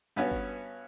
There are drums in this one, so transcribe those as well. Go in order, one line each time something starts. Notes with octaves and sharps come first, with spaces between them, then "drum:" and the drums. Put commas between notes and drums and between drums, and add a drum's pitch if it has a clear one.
G2 B3 C#4 F#4
drum: kick G1